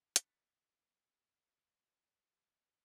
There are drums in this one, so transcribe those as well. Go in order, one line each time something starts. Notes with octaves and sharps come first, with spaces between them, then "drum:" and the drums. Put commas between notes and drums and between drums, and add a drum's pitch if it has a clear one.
F#6 A6 B6 C#7, drum: hi-hat